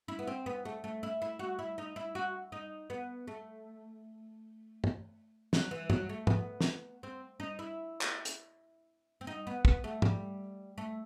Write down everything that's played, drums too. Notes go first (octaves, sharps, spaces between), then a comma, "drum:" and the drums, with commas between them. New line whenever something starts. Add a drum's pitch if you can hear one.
E4
B3
C4
B3
A3
A3
E4
E4
F#4
E4
D#4
E4
F#4
D#4
B3
A3
drum: tom
F#3, drum: snare
E3
F#3, drum: tom
A3
B3, drum: tom
drum: snare
C4
D#4
E4
drum: clap
drum: hi-hat
C4
D#4
B3
B3, drum: kick
A3
G3, drum: tom
A3